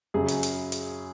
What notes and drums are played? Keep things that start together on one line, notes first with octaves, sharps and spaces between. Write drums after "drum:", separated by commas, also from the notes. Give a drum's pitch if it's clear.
F#2 C#3 F#3 G#4
drum: hi-hat
drum: hi-hat
drum: hi-hat